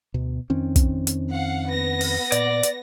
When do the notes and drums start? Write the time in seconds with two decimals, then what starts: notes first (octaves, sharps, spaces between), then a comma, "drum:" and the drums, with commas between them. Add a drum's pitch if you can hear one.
0.14 D2 B2
0.50 F2 D#3 C4 C#4
0.76 drum: kick, hi-hat
1.07 drum: hi-hat
1.31 F5 F#5
1.69 B3 A#6
2.01 drum: open hi-hat
2.32 A#2 D5, drum: hi-hat
2.63 drum: hi-hat